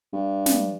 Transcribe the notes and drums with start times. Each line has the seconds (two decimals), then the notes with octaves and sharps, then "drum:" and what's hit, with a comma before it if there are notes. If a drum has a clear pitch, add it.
0.13 G2
0.46 drum: snare